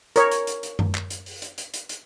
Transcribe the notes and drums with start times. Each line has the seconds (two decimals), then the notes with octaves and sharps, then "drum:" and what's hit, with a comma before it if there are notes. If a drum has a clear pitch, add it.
0.16 A#4 C#5, drum: hi-hat
0.32 drum: hi-hat
0.47 drum: hi-hat
0.63 drum: hi-hat
0.79 drum: tom F#2
0.95 drum: clap
1.10 drum: hi-hat
1.26 drum: open hi-hat
1.42 drum: hi-hat
1.58 drum: hi-hat
1.74 drum: hi-hat
1.89 drum: hi-hat